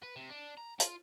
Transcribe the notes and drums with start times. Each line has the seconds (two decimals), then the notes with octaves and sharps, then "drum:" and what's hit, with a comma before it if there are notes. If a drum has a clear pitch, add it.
0.03 B4
0.16 C3
0.30 D4
0.57 A#5
0.80 F4, drum: hi-hat